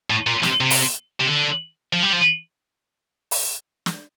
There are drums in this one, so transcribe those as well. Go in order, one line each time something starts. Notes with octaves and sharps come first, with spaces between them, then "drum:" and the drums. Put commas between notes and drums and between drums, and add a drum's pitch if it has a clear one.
A2
A#2
C3, drum: snare
C3
drum: open hi-hat
C3
D3
F3
G3
F3
drum: open hi-hat
drum: snare